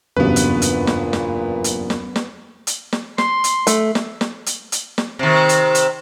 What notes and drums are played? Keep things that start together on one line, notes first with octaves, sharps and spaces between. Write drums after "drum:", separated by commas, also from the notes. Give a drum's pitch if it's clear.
F#1 E2 G2 A#2 F#3 B3 B4
drum: hi-hat
drum: hi-hat
drum: snare
drum: snare
drum: hi-hat
drum: snare
drum: snare
drum: hi-hat
drum: snare
C6, drum: snare
drum: hi-hat
A3, drum: hi-hat
drum: snare
drum: snare
drum: hi-hat
drum: hi-hat
drum: snare
C3 D#3
drum: hi-hat
drum: hi-hat